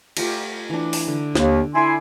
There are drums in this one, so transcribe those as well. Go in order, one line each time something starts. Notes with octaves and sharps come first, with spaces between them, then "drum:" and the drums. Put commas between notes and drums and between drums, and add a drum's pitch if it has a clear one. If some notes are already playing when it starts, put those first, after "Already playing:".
A3 F4 G4, drum: cymbal
E3 D4
drum: open hi-hat
D3
D#2, drum: snare
E4 A4 D5 G#5 C6